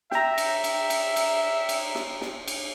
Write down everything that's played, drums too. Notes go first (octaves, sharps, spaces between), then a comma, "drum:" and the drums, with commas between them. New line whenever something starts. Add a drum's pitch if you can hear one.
E5 G5 A#5, drum: snare
drum: cymbal
drum: cymbal
drum: cymbal
drum: cymbal
drum: cymbal
drum: snare
drum: snare
drum: cymbal